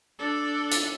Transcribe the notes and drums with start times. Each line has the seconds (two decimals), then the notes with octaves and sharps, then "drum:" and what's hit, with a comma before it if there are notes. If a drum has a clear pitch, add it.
0.19 D4 A4
0.71 drum: hi-hat